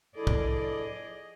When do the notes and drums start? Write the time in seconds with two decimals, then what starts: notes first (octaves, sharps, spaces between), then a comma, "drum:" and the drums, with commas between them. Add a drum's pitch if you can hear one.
0.17 E2 F3 D4 E4 G#4 A4 D5 D#5
0.27 drum: kick